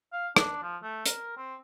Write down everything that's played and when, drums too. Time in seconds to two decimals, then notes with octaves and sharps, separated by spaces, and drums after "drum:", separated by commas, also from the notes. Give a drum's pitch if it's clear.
0.13 F5
0.36 D4, drum: rim click
0.63 F3
0.83 A3
1.06 A#4, drum: hi-hat
1.37 C4